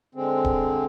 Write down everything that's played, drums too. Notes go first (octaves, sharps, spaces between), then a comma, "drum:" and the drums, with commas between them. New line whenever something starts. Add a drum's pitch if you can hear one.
D3 G#3 C4
drum: kick D#1